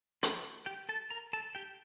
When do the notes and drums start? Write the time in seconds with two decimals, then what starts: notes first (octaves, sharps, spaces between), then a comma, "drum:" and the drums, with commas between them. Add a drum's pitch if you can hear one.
0.23 F3 F4, drum: hi-hat
0.66 G4 G5
0.89 A4 A5
1.10 A#4 A#5
1.33 A4 A5
1.55 G4 G5